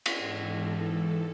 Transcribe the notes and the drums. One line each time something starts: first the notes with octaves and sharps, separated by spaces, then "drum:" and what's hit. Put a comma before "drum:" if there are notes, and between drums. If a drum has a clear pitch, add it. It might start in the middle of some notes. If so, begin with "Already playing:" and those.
drum: cymbal
G#2 E3 A4